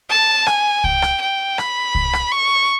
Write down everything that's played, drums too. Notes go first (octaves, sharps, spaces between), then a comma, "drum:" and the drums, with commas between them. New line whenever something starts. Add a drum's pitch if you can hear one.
A5
G#5, drum: rim click
G5, drum: kick C2
drum: rim click
G5
B5, drum: rim click
drum: kick C2
drum: rim click
C#6